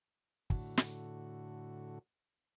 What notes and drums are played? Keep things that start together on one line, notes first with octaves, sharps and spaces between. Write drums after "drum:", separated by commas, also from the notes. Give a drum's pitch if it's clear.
A2 D3 F#4, drum: kick
drum: snare